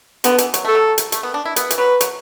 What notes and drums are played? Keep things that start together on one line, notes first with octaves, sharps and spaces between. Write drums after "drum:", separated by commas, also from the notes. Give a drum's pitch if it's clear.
D3 B3, drum: hi-hat
E3, drum: hi-hat
F#3, drum: hi-hat
A3 A4
F#3
drum: hi-hat
A3, drum: hi-hat
B3
D4
E4
B3, drum: hi-hat
E3, drum: hi-hat
F#3 B4
F#3, drum: hi-hat